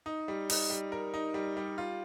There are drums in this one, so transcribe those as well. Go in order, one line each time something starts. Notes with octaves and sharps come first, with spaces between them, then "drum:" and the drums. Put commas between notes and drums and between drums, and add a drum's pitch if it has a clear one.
D#4
G3
D#4, drum: open hi-hat
G3
A#4
D#4
G3
G3
F4